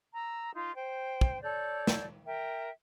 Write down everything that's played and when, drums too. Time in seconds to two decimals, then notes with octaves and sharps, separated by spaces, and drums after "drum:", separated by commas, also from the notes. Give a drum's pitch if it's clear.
0.15 A#5 E6
0.53 D#4 F4
0.75 C5 G5
1.21 drum: kick
1.43 A4 C#5 D5 G6
1.87 drum: snare
2.26 A#4 E5 G5